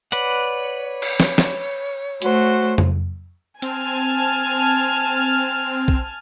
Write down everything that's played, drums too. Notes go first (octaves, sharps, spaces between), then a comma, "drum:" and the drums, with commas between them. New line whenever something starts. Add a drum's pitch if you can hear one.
B4 C#5 D5 F#5, drum: hi-hat
drum: cymbal
drum: snare
drum: snare
A3 F#4 C5, drum: hi-hat
drum: tom F2
C4 G#5 A5 F6, drum: hi-hat
drum: kick B1